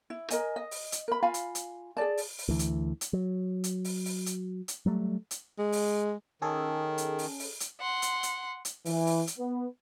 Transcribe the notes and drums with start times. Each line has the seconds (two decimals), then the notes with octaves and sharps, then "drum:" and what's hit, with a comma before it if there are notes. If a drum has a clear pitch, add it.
0.10 E4
0.30 A#4 D#5 G#5, drum: hi-hat
0.56 D#5
0.71 drum: open hi-hat
0.92 drum: hi-hat
1.08 A#4 B5
1.22 F4 F5 G#5 B5
1.34 drum: hi-hat
1.55 drum: hi-hat
1.97 G#4 A#4 D5 A5
2.17 drum: open hi-hat
2.38 drum: open hi-hat
2.49 D2 E3
2.59 drum: hi-hat
3.01 drum: hi-hat
3.13 F#3
3.64 drum: hi-hat
3.85 drum: open hi-hat
4.05 drum: open hi-hat
4.26 drum: hi-hat
4.68 drum: hi-hat
4.86 F#3 G3 A3
5.31 drum: hi-hat
5.58 G#3
5.72 drum: open hi-hat
6.42 D#3 C#4 G#4 A4
6.98 drum: hi-hat
7.19 drum: open hi-hat
7.39 drum: open hi-hat
7.60 drum: hi-hat
7.80 F#5 C6
8.02 drum: hi-hat
8.23 drum: hi-hat
8.65 drum: hi-hat
8.85 E3, drum: open hi-hat
9.06 drum: open hi-hat
9.27 drum: hi-hat
9.37 B3